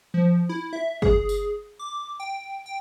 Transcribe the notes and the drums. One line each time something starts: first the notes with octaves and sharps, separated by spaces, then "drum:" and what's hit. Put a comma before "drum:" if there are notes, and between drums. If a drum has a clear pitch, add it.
F3
E4
E5
G#4, drum: kick
drum: tambourine
D6
G5
G5